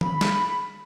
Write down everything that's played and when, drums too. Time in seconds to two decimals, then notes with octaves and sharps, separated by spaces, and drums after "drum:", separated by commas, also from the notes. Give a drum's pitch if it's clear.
0.01 B5, drum: tom D#3
0.21 drum: snare